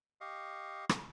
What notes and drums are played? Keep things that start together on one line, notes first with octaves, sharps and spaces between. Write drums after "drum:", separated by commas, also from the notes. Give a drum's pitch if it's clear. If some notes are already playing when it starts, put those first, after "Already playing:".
G4 D#5 F5 C#6
drum: rim click